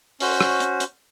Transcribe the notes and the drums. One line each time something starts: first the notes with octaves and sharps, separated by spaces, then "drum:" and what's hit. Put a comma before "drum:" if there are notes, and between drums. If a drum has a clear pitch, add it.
C#4 F#4 C5, drum: open hi-hat
drum: rim click
drum: hi-hat
drum: hi-hat